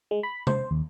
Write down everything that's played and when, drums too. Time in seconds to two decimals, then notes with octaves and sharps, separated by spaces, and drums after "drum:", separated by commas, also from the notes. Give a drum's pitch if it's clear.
0.11 G#3
0.23 B5
0.47 C5, drum: tom C3
0.71 D#2